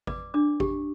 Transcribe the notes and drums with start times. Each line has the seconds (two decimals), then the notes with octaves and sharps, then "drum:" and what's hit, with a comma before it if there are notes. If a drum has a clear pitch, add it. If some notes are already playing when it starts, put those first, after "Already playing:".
0.07 B4 D5 D6, drum: kick G#1
0.34 D4 D5 D6
0.60 G4, drum: kick G#1